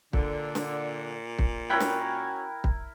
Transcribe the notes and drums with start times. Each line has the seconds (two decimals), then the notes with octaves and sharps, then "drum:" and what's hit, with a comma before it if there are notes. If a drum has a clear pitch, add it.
0.13 A#2 D3, drum: kick
0.55 drum: snare
1.39 drum: kick
1.70 C#4 E4 F#4 A#4 G5 B5 F#6
1.80 drum: snare
2.64 drum: kick